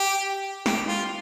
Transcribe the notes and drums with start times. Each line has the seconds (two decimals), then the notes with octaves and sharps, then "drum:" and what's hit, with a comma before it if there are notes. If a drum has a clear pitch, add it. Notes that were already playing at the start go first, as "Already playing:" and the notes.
Already playing: G4
0.66 G4, drum: snare
0.88 F4